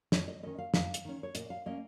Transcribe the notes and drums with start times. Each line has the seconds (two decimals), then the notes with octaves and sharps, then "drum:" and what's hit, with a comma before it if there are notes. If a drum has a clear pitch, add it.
0.12 F2 C#5, drum: snare
0.28 D#5
0.43 D#3 C#4 D#5
0.58 F5
0.74 F2 F5, drum: snare
0.94 drum: hi-hat
1.05 D#3 C#4
1.23 C#5
1.35 A#2 D#5, drum: hi-hat
1.50 F5
1.66 A#3 C#4 D#5